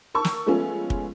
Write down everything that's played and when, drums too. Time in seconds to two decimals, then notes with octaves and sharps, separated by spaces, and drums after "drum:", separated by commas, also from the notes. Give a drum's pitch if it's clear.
0.14 A#4 A5 C#6 E6
0.24 drum: snare
0.46 F3 G#3 A3 B3 C#4 F4
0.90 drum: kick